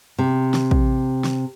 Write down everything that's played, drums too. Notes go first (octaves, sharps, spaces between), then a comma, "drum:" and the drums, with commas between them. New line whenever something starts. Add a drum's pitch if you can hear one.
C3
drum: snare
drum: kick
drum: snare